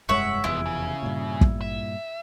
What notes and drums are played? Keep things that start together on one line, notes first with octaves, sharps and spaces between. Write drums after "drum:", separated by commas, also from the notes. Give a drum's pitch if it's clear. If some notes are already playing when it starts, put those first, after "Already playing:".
F1 G2 G#3 C#5 E5 F#5
F1 E2 G#3 B3 E4
C#3
G2 A#2
drum: kick
E5